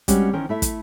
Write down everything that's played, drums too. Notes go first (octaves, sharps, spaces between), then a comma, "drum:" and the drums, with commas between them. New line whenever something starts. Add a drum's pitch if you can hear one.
G3 G#3 C4 C#4 F#4, drum: kick, hi-hat
D#3 E3 C#4 A#4 C5
A3 E4 E5
drum: kick, hi-hat